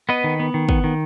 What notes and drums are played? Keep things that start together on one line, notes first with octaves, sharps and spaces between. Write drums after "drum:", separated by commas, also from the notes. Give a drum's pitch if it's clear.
B3 B4 D#5
D#3
B3
D#3
B3, drum: kick
D#3